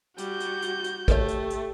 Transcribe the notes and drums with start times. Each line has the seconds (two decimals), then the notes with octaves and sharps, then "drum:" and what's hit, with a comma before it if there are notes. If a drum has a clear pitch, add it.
0.18 G3 F#4 G6, drum: hi-hat
0.40 drum: hi-hat
0.62 drum: hi-hat
0.84 drum: hi-hat
1.08 A3 G4 A4 A#4 C#5, drum: kick, hi-hat
1.28 drum: hi-hat
1.50 drum: hi-hat